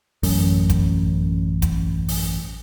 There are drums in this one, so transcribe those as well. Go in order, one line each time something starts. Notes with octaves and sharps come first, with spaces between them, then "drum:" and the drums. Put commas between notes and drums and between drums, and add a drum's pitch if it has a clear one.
A1 F#2, drum: open hi-hat
drum: kick, hi-hat
drum: kick, hi-hat
drum: open hi-hat